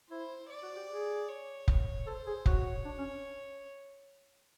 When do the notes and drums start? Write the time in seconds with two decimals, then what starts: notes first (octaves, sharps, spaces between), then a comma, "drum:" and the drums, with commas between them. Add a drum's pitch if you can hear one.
0.10 E4 C5
0.50 D5
0.63 F#4
0.76 G4
0.89 G#4
1.28 C#5
1.68 drum: kick F1
2.07 A4 C5
2.27 G#4
2.46 F#4 C#5, drum: kick F1
2.85 D4
2.98 C#4